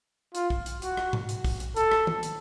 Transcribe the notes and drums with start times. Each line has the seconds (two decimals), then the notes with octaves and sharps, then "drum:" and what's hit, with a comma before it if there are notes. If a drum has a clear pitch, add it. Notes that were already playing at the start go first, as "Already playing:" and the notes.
0.35 F4, drum: hi-hat
0.50 drum: kick
0.66 drum: hi-hat
0.82 F#4, drum: hi-hat
0.97 drum: rim click
1.13 drum: tom G#2
1.29 drum: hi-hat
1.44 drum: kick, open hi-hat
1.60 drum: hi-hat
1.76 A4, drum: hi-hat
1.92 drum: rim click
2.07 drum: tom D#3
2.23 drum: hi-hat